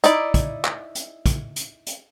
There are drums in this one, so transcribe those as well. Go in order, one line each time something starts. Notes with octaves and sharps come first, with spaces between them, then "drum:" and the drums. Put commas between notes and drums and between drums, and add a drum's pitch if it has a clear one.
D#4 E4 D5, drum: hi-hat
drum: kick, hi-hat
drum: clap
drum: hi-hat
drum: kick, hi-hat
drum: hi-hat
drum: hi-hat